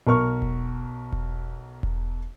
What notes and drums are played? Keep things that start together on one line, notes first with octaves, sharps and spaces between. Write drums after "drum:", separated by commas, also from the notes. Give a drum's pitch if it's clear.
B1 A#4 C#6 F6
drum: kick E1
drum: kick E1
drum: kick E1